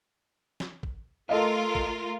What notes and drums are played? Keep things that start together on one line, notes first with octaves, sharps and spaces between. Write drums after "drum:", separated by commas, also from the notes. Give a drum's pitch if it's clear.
drum: snare
drum: kick
A3 F4 A4 A#4 D#5 F5
drum: kick